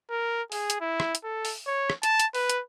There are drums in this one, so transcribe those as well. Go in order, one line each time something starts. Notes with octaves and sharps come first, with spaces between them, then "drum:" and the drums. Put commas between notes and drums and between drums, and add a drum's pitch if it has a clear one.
A#4
G#4, drum: open hi-hat
drum: hi-hat
E4
drum: rim click
drum: hi-hat
A4
drum: open hi-hat
C#5
drum: rim click
A5, drum: hi-hat
drum: hi-hat
B4, drum: open hi-hat
drum: hi-hat